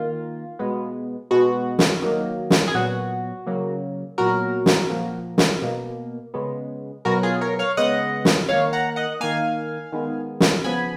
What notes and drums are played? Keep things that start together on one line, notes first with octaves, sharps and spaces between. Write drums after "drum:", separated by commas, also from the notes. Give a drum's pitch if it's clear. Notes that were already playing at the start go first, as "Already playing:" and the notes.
Already playing: D#3 A#3 F4
B2 G#3 B3
B2 G#3 B3 F#4
drum: snare
D#3 F#3 A#3
drum: snare
G#4
A#2 F#3 B3 F#4
C#3 F#3 A#3
A#2 F#3 B3 F#4 A#4
drum: snare
A#2 F3 A#3
drum: snare
B2 A#3
C#3 G#3 B3
B2 F#3 B3 F#4 A#4
F4 G#4
A#4 C#5
C#5 F5
C#3 G#3 B3 D#5 F#5
drum: snare
D#3 A#3 C#5 F5
F#5 A#5
D#5 F#5
D#3 A#3 F5 G#5
D#3 G#3 B3
drum: snare
C#3 F3 B3 G#5 B5